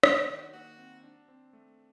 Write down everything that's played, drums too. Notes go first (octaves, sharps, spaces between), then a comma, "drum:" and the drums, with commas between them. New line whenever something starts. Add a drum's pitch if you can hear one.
F#3 F#4, drum: rim click
G4
D#3 D#4
G4
F#4
A#3 F#4
C4
D4
C4
A3